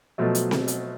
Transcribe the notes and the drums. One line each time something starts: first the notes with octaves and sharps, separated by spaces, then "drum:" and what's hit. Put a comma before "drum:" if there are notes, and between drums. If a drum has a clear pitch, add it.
B2 F3 F#3 A3
drum: hi-hat
drum: snare C4
drum: hi-hat